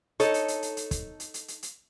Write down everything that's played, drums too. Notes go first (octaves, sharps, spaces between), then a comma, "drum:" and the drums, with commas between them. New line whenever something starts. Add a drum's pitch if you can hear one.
D#4 A4 C#5, drum: hi-hat
drum: hi-hat
drum: hi-hat
drum: hi-hat
drum: hi-hat
drum: kick, hi-hat
drum: hi-hat
drum: hi-hat
drum: hi-hat
drum: hi-hat